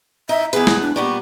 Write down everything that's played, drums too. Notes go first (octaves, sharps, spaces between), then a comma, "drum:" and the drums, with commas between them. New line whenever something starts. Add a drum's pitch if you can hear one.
D#4 E5
E2 G#4 B4, drum: hi-hat
drum: snare
D4
A#2 G3 B3 C#6